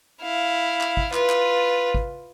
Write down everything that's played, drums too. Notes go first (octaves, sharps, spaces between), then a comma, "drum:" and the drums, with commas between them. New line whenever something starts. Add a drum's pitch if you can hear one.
E4 F5
drum: clap
drum: kick
F4 B4, drum: clap
drum: clap
drum: kick